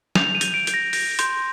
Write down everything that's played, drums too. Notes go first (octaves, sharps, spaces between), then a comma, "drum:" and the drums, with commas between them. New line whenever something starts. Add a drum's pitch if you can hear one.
G6 F7, drum: snare
D#7
G6, drum: hi-hat
D7
G6, drum: hi-hat
A#6
G6 A#6, drum: open hi-hat
C6 G6, drum: hi-hat